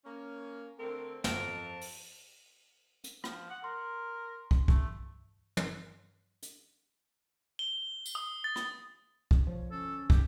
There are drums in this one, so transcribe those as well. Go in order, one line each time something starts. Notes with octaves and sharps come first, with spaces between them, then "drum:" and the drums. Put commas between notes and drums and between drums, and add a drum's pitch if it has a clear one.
A#3 C#4
D3 A3 C4 A#4
F2 A#4 A5, drum: snare
drum: open hi-hat
drum: hi-hat
F3, drum: rim click
F#5
A#4 C6
drum: kick
A3, drum: kick
drum: tom
drum: hi-hat
G7
drum: tambourine
D#6
A6
drum: rim click
drum: kick
B1 F2 F3 C#5
D3 G3 C#4 A4
G4, drum: kick